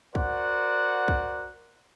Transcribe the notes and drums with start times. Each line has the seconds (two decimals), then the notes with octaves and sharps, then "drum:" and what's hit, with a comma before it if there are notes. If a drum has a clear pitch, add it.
0.15 F#4 A#4 C5 D5 F#5, drum: kick
1.08 drum: kick